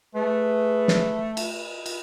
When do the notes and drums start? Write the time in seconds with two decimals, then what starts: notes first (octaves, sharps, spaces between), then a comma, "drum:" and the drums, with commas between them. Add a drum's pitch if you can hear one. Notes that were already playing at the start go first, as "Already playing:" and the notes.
0.15 A3 G#4 B4
0.88 drum: snare
1.37 drum: cymbal
1.86 drum: cymbal